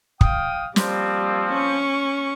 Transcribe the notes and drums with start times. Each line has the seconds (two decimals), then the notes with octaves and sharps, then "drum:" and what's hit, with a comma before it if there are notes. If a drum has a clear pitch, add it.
0.21 F5 G5 D#6, drum: kick
0.76 F3 G3 A#3 C4, drum: snare
1.52 C#4 C#6